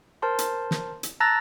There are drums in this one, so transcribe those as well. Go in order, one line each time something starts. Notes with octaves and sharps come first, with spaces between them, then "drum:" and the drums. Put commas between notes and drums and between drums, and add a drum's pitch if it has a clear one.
A#4 C5 A5 C6
drum: hi-hat
drum: snare
drum: hi-hat
A5 A#5 E6 F#6 A6 A#6